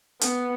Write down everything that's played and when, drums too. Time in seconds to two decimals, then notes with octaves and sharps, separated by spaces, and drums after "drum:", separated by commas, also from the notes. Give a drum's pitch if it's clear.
0.21 B3, drum: hi-hat